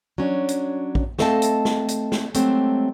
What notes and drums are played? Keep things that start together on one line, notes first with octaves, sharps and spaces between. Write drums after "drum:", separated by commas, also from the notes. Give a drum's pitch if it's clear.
F#3 C#4 D4
drum: hi-hat
drum: kick
A3 C4 A4 D#5 F5 A5, drum: snare
drum: hi-hat
drum: snare
drum: hi-hat
drum: snare
F#3 G#3 A3 C4 G4, drum: hi-hat